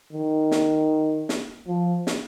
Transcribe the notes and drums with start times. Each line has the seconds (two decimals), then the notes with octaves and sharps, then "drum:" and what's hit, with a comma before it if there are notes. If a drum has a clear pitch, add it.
0.13 D#3
0.51 drum: snare
1.29 drum: snare
1.68 F3
2.07 drum: snare